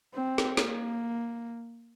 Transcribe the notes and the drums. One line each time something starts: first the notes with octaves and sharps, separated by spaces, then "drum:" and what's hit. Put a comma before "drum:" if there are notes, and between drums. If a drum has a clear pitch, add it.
C4
drum: snare
A#3, drum: snare